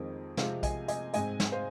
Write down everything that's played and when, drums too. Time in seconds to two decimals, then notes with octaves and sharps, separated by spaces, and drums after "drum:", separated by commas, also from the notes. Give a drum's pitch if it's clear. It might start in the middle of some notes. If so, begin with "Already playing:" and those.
Already playing: F2 D#3 G#3 C4 A#4
0.37 C3 F3 G#3 C4 C5 F5, drum: snare
0.63 D#5 G#5, drum: kick B1, hi-hat
0.88 D#5 G#5, drum: hi-hat
1.14 G#2 G#3 C4 D#5 G#5, drum: hi-hat
1.40 drum: snare
1.52 C5 F5